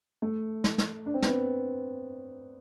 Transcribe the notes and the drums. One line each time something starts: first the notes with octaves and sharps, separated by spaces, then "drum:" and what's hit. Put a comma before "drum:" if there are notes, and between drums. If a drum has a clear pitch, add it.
A3
drum: snare
drum: snare
D4
C4
B3, drum: snare
C4